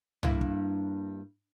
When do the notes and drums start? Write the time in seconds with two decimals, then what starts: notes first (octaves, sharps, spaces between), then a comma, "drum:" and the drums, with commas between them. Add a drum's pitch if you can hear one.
0.23 G2 A#3 E4, drum: tom C2
0.41 drum: kick